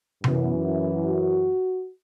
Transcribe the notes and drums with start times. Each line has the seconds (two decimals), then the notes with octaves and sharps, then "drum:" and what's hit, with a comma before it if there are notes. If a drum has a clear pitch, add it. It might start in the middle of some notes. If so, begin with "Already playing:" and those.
0.24 F#2 E3 B3, drum: tom C3
0.63 E4
1.05 F#4